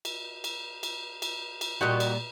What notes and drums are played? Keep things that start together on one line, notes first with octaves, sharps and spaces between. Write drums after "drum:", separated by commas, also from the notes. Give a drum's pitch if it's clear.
drum: cymbal
drum: cymbal
drum: cymbal
drum: cymbal
drum: cymbal
A#2 G3 F#4 G4 D#5
drum: cymbal